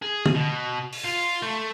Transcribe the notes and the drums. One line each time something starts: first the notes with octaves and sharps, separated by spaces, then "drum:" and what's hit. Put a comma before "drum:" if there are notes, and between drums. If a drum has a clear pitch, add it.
G#4
drum: tom
B2
drum: open hi-hat
F4
A3